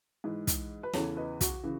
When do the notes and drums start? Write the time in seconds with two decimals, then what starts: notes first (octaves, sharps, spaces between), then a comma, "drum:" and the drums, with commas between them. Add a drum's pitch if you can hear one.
0.24 G#2 E3
0.47 drum: kick, hi-hat
0.83 B4
0.93 E2 C#3 E3 A4 C#5, drum: snare
1.17 B4 D#5
1.41 F#4, drum: kick, hi-hat
1.63 C#3 E3